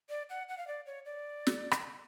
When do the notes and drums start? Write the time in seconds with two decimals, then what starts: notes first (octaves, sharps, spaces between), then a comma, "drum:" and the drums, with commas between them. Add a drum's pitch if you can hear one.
0.09 D5
0.30 F#5
0.49 F#5
0.57 F5
0.67 D5
0.86 C#5
1.05 D5
1.47 drum: snare
1.71 drum: rim click